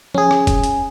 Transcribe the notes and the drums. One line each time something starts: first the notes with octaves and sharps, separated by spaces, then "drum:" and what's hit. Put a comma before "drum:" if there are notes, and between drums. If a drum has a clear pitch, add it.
C#4 G#4, drum: tom F3
drum: rim click
drum: kick, hi-hat
drum: hi-hat